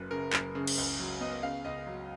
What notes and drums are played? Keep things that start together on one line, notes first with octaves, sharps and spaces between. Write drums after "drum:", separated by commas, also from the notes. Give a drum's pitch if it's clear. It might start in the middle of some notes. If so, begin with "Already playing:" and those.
Already playing: F#1 F#2 B4
C#3 A#4
F#1, drum: clap
C#3
drum: cymbal
C#2
F#3
B3 D#5
C#3 F5
C#2 D#5
F#3